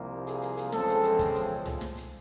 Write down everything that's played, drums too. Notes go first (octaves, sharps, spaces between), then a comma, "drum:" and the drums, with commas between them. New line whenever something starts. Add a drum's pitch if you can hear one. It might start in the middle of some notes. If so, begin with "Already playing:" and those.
Already playing: C2 C3 F3 A#3
G#4, drum: hi-hat
drum: hi-hat
drum: hi-hat
E2 C#3 F3 G#3 C4 A4, drum: snare
drum: hi-hat
drum: hi-hat
drum: kick, hi-hat
drum: hi-hat
drum: tom
drum: snare
drum: hi-hat